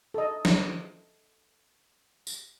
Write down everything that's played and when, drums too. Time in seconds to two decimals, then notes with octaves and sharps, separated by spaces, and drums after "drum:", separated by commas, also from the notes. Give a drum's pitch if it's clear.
0.14 A4 D#5
0.45 drum: snare
2.27 drum: tambourine